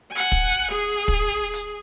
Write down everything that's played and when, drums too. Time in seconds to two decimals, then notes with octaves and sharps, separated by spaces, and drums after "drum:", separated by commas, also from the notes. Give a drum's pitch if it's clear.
0.11 F#5 G#5
0.32 drum: kick
0.71 G#4
1.08 drum: kick
1.53 drum: hi-hat